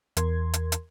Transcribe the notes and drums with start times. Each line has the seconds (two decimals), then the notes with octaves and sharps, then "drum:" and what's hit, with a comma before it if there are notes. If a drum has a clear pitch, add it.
0.17 E2 A#4 C6 G#6, drum: hi-hat
0.53 drum: hi-hat
0.72 drum: hi-hat